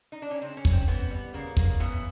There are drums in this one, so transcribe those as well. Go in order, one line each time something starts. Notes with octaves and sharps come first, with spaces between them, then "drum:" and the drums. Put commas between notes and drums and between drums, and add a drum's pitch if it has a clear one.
D#4
D4
C#4
C#3 C4
C#4
C#3, drum: kick
C4
E3 B3
G3
C#3 A#3
C#3 A#3, drum: kick
E3 B3